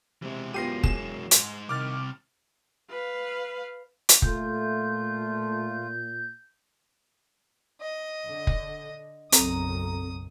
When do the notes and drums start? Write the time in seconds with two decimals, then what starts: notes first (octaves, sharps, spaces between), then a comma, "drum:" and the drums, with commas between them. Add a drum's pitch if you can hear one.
0.22 C3 E3 G#3
0.54 F#2 B3 F4 G4 A#6 C7 D#7
0.84 G#4 E7, drum: kick
1.31 G#2 G#3, drum: hi-hat
1.69 C2 C3 D#3 D6 F6 A6
2.90 B4 F5
4.09 drum: hi-hat
4.22 A#2 A3 F4 G6, drum: kick
7.81 D#5
8.27 D3
8.47 drum: kick
9.32 F#1 B1 F#2 C4 A4 A#5 D#6, drum: hi-hat